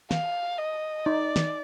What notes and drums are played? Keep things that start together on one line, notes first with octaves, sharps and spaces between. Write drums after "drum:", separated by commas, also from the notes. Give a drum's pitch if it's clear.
F5, drum: snare
D#5
D#4 D5
drum: snare